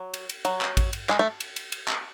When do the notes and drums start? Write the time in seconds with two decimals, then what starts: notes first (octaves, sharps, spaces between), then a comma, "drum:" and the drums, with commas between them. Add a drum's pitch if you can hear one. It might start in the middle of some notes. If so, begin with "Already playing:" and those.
Already playing: F#3
0.14 drum: cymbal
0.29 drum: cymbal
0.45 F#3, drum: cymbal
0.61 drum: clap
0.77 drum: kick A1, cymbal
0.93 drum: cymbal
1.09 G#3, drum: clap
1.19 A3
1.40 drum: cymbal
1.56 drum: cymbal
1.72 drum: cymbal
1.88 drum: clap